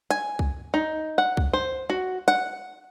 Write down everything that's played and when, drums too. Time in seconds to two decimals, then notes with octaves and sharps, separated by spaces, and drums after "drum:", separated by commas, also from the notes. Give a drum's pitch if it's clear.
0.10 G#5, drum: hi-hat
0.39 drum: kick C2
0.74 D#4
1.18 F#5
1.37 drum: kick C2
1.53 C5
1.90 F#4
2.28 F#5, drum: hi-hat